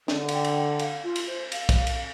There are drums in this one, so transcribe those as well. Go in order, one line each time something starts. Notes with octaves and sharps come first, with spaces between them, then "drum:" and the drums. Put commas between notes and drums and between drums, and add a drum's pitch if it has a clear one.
D3, drum: snare
F5, drum: cymbal
G5
drum: cymbal
G5
F5, drum: cymbal
F4
drum: cymbal
C5
F5, drum: cymbal
drum: kick, cymbal
drum: cymbal